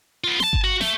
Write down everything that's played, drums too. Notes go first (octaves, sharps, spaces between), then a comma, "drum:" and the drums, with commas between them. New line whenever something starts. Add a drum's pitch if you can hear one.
B3 F4
A5 C6, drum: snare
drum: kick G1
F#4
A3, drum: snare